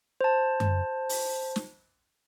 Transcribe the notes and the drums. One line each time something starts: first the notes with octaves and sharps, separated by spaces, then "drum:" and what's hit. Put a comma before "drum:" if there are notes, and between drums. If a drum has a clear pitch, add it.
C5 A5
drum: tom F#2
drum: open hi-hat
drum: snare